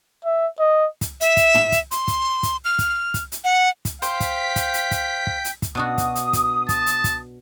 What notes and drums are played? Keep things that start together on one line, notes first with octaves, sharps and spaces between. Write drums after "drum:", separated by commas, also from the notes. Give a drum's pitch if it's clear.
E5
D#5
drum: kick, hi-hat
E5, drum: hi-hat
drum: kick, hi-hat
drum: tom
drum: kick, hi-hat
C6, drum: hi-hat
drum: kick, hi-hat
drum: kick, hi-hat
F6
drum: kick, hi-hat
drum: kick, hi-hat
drum: hi-hat
F#5
drum: kick, hi-hat
C5 F5 G5 G6 B6, drum: hi-hat
drum: kick, hi-hat
drum: kick, hi-hat
drum: hi-hat
drum: kick, hi-hat
drum: kick
drum: hi-hat
drum: kick, hi-hat
B2 D4 F#4 D#6
drum: kick, hi-hat
drum: hi-hat
drum: kick, hi-hat
A5, drum: kick, hi-hat
drum: hi-hat
drum: kick, hi-hat